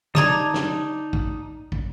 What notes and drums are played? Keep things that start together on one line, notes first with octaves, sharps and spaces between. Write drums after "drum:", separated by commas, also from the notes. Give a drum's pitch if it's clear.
D3 D#4 D5 A5 A#5 D6 D#6 G#6, drum: snare
drum: snare
drum: kick
drum: kick